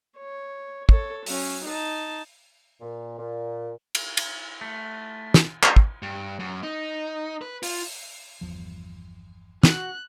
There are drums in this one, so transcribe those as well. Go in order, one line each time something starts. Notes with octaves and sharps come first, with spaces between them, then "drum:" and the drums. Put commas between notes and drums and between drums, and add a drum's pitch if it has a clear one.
C#5
A4 C#5, drum: kick
F#3 C#4, drum: open hi-hat
D#4 A5
A#2
A#2
drum: cymbal
drum: cymbal
A3
drum: snare
drum: clap
drum: kick
G2
F#2
D#4
B4
F4, drum: open hi-hat
G1 E2 F3
F#4 F#6, drum: snare